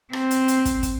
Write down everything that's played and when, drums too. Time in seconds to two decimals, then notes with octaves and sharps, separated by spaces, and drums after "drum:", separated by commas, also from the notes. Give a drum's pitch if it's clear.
0.13 C4, drum: rim click
0.31 drum: hi-hat
0.48 drum: hi-hat
0.65 drum: kick, hi-hat
0.83 drum: kick, hi-hat